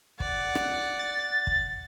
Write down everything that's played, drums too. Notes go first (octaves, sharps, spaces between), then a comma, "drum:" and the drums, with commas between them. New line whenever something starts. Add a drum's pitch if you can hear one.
D5 F#5, drum: kick
drum: rim click
A6
drum: kick